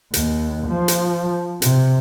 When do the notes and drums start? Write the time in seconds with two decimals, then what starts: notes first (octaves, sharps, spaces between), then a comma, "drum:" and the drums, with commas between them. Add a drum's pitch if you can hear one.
0.14 D#2, drum: hi-hat
0.67 F3
0.88 drum: hi-hat
1.62 C3, drum: hi-hat